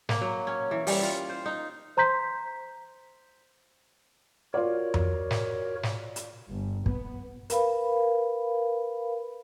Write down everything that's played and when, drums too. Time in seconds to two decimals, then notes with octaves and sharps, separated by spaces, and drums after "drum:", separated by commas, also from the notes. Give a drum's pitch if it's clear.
0.09 A#3, drum: snare
0.21 F#3
0.47 C#4
0.71 E3
0.87 G3, drum: open hi-hat
1.03 F4
1.29 C5
1.46 D#4
1.97 C5 A#5 C6 G6 B6
4.54 F4 F#4 A#4 C#5 D5
4.94 drum: tom F2
5.31 drum: snare
5.83 drum: snare
6.16 drum: hi-hat
6.50 G1
6.86 B3, drum: kick
7.50 A#4 B4 F5 B5, drum: hi-hat